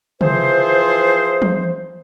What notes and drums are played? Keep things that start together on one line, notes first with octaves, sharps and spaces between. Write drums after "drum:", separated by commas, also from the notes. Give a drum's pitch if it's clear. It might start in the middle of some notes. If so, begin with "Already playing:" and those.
E3 F3 G#4 C5, drum: tom
drum: tom E3